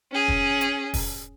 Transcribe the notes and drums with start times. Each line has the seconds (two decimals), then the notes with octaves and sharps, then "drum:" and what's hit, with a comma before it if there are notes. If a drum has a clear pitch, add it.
0.12 C#4 G#4
0.28 drum: kick
0.61 drum: hi-hat
0.94 drum: kick, open hi-hat